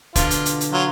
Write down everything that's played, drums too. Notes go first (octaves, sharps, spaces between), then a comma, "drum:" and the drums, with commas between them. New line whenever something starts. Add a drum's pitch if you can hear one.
B2 D3 F4 D5, drum: kick, hi-hat
drum: hi-hat
drum: hi-hat
drum: hi-hat
F#3 F4